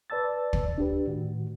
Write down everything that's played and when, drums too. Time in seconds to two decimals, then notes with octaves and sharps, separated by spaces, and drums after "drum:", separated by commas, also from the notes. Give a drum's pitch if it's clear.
0.10 B4 D5 A5 E6 A6
0.53 drum: kick
0.78 D4 G4 B4
1.07 A2 D#3 F#4